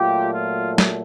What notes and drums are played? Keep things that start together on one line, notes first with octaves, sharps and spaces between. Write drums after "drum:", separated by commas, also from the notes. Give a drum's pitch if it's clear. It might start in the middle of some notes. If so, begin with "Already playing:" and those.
Already playing: A#2 F#3 A3 F4 G4
F4
drum: snare